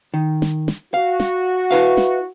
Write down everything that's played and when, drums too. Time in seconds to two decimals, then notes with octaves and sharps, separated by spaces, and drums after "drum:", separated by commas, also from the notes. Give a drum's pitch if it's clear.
0.14 D#3
0.42 drum: snare
0.68 drum: snare
0.94 F#4 F5
1.20 drum: snare
1.71 E4 B4 F5
1.97 drum: snare